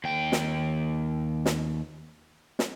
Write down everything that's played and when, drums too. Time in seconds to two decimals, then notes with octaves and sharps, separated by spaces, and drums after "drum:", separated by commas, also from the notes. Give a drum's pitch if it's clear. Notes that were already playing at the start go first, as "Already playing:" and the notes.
0.04 D#2 G5
0.32 drum: snare
1.46 drum: snare
2.59 drum: snare